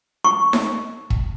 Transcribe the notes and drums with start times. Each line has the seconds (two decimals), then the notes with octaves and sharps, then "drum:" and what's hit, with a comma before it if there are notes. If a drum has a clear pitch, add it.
0.25 C#6
0.53 drum: snare D#4
1.10 drum: kick